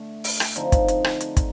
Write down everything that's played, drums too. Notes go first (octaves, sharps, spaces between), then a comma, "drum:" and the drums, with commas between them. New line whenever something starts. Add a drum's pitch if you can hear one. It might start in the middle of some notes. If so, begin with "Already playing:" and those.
Already playing: D3 A3 D4
drum: open hi-hat
drum: rim click
D3 F3 C4 D#4, drum: hi-hat
drum: kick, hi-hat
drum: hi-hat
drum: rim click
drum: hi-hat
drum: kick, hi-hat